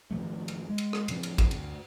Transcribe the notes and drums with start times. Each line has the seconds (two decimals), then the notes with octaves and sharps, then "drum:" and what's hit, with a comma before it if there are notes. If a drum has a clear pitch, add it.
0.11 G#2 D#3 F3 A3
0.48 drum: cymbal
0.69 G#3
0.78 drum: cymbal
0.93 drum: rim click
1.08 A2 C#3 F3 C4, drum: cymbal
1.23 drum: cymbal
1.38 drum: kick, cymbal
1.51 D2, drum: cymbal